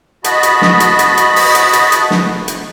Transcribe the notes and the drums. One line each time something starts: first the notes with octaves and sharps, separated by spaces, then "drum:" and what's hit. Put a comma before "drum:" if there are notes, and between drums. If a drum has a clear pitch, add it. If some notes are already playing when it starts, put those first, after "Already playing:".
F#4 D#5 A5 B5, drum: hi-hat
drum: hi-hat
drum: snare
drum: hi-hat
drum: hi-hat
drum: hi-hat
drum: open hi-hat
drum: hi-hat
drum: hi-hat
drum: hi-hat
drum: snare
drum: hi-hat